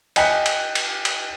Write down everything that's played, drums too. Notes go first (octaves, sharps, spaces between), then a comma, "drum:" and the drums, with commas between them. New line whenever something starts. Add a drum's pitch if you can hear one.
D#5 G5 G#5 F#6 B6 C#7, drum: cymbal
drum: cymbal
drum: cymbal
drum: cymbal